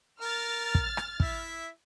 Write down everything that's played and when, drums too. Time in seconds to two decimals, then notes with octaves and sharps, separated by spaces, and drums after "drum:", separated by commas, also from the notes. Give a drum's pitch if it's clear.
0.21 A#4 F6 A6
0.75 drum: kick
0.97 drum: rim click
1.20 E4 E5, drum: kick